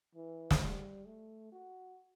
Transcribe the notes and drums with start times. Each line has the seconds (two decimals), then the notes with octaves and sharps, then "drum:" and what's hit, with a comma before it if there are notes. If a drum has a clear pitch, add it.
0.15 E3
0.51 drum: snare
0.61 G3
1.06 A3
1.52 F#4